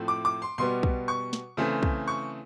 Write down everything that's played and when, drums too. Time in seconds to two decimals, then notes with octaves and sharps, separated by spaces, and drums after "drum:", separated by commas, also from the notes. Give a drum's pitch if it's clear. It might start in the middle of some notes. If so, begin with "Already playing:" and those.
Already playing: A2 F3 A3 C4
0.08 D6
0.25 D6
0.42 C6
0.58 B2 G3 B3 C6
0.83 drum: kick
1.08 C#6
1.33 drum: snare
1.57 C#3 E3 A3 C4
1.83 drum: kick
2.08 C#6